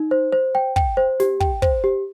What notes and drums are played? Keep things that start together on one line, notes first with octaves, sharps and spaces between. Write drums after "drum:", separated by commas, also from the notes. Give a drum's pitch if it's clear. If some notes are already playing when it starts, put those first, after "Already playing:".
Already playing: D#4
C5
C5
G5
G5, drum: kick
C5
G4, drum: snare
G5, drum: kick
C5, drum: kick
G4